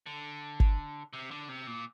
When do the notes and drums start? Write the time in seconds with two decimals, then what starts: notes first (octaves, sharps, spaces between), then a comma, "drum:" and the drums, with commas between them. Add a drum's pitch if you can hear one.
0.06 D3
0.60 drum: kick G1
1.13 C3
1.31 D3
1.49 C3
1.67 A#2